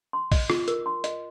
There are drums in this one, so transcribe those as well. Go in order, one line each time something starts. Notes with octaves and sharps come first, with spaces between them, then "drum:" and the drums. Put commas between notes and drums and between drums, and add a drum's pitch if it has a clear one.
C6
D#5, drum: kick, open hi-hat
F4, drum: rim click
A#4, drum: hi-hat
C6
D#5, drum: hi-hat